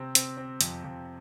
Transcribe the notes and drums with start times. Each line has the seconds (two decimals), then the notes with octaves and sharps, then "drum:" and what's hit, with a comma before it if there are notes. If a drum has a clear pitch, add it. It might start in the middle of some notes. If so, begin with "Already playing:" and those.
Already playing: C3 C4
0.15 C4, drum: hi-hat
0.37 C4
0.61 F2, drum: hi-hat
0.84 F2